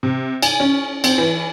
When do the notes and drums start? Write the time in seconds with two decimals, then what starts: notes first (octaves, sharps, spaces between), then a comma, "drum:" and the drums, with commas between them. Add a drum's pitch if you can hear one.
0.03 C3
0.42 G#5, drum: cymbal
0.60 C#4
1.04 C4, drum: cymbal
1.18 E3